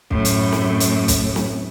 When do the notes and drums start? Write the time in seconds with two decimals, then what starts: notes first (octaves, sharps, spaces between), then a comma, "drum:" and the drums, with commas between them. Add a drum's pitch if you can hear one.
0.11 F#2 A2, drum: kick
0.25 drum: hi-hat
0.52 drum: snare
0.80 drum: hi-hat
1.08 drum: kick, hi-hat
1.36 drum: snare